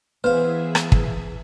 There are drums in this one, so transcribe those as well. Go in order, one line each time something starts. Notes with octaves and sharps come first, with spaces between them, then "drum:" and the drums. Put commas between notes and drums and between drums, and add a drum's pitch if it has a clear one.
E3 B3 G#4 B4 C5 E5 F5
drum: rim click
drum: kick